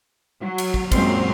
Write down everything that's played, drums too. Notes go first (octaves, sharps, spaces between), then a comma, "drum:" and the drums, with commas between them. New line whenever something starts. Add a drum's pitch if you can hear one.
F#3
drum: cymbal
drum: kick
F#2 A#2 F#3 G#3 C4 C5, drum: kick, cymbal